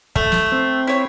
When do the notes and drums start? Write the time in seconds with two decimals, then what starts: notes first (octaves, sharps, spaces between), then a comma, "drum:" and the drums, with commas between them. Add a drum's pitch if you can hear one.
0.16 A3, drum: kick
0.32 drum: snare
0.52 C4
0.87 E4 C#5